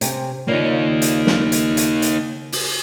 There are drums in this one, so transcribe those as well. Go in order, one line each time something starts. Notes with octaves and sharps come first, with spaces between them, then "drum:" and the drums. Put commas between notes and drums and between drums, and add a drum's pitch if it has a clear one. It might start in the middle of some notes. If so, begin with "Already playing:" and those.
C3 C4 C#4, drum: hi-hat
C#3 A#3 D#4 F4 D5
drum: hi-hat
drum: snare
drum: hi-hat
drum: hi-hat
drum: hi-hat
drum: open hi-hat